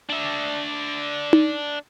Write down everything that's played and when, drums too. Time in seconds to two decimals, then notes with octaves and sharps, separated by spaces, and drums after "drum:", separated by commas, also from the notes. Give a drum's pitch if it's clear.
0.09 D4 E5
1.33 drum: tom D#4